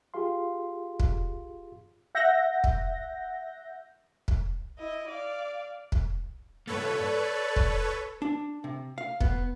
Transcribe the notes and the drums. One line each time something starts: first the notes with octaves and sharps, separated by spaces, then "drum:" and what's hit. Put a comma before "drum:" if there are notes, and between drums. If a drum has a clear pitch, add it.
F4 G4 G#4 F5 C6
drum: kick
E5 F#5 G6 A#6
drum: kick
drum: kick
E4 D#5
D5 F5
drum: kick
G2 A#3 A4 B4 C#5
D5
drum: kick
D4
C3
F5
B3, drum: kick